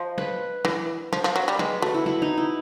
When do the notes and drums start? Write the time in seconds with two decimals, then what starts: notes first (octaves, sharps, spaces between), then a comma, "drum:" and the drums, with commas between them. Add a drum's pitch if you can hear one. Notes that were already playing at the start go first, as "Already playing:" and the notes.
Already playing: F3 D#5
0.18 B4, drum: snare
0.65 E3, drum: snare
1.13 F3, drum: snare
1.24 F3
1.36 F#3
1.48 G3
1.59 G#3 B4, drum: snare
1.82 A3 F#4
1.94 E4
2.06 E4, drum: snare
2.22 D#4
2.37 E4